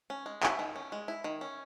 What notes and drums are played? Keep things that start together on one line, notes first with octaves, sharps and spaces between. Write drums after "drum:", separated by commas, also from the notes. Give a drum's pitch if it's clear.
C#4
G#3
E4, drum: clap
D#3
C#4
G#3
E4
D#3
C#4